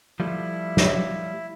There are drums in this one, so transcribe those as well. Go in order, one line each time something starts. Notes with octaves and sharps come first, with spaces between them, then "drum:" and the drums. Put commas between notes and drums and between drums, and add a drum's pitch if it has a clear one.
F3 G3 A3 E4
drum: snare